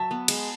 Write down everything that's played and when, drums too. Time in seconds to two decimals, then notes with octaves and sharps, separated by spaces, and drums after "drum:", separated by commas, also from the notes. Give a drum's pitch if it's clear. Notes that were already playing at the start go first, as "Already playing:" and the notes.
Already playing: F#3 E5 A5
0.11 B3
0.28 G#3, drum: cymbal